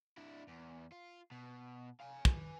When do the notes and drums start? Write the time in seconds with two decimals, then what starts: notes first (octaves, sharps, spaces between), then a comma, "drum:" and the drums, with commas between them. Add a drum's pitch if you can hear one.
0.18 D4 E4
0.48 E2
0.92 F4
1.31 B2
2.01 F5 G#5
2.25 B4 G#5, drum: kick